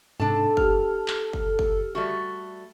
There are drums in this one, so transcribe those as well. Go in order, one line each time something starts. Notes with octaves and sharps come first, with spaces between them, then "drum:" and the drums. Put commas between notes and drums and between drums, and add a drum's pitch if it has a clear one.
G#2 C3 D4 A4 A5
G4 F6, drum: kick F#1
drum: clap
drum: kick F#1
drum: kick F#1
G3 A3 F#4